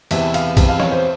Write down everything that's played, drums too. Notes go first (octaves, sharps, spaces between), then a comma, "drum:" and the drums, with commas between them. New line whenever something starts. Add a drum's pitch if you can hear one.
E2 C3 E3 E5, drum: cymbal
F5, drum: cymbal
E2 C3 E3, drum: kick, cymbal
F5
C#5, drum: snare
C5